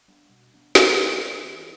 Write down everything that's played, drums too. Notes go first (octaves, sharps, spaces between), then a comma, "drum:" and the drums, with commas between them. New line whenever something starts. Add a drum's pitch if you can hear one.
G3 B3 D4
B2
G3 B3 D4
B2, drum: snare
G3 B3 D4
G2
E3 B3 D4